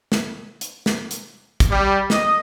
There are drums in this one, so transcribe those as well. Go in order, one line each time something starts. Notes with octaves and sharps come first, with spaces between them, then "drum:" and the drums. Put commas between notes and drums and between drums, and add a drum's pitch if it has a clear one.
drum: snare
drum: hi-hat
drum: snare
drum: hi-hat
drum: kick, hi-hat
G3
D#5, drum: snare